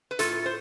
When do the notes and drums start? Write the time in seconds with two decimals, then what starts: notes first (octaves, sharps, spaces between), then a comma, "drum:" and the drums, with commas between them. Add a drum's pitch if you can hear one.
0.11 B4
0.19 A2 F4 A4, drum: hi-hat
0.46 C5